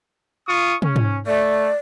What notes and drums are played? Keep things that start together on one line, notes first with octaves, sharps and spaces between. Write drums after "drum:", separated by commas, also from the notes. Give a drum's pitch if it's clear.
F4 C#6 D#6
C#4, drum: tom
drum: tom G#2
A3 D5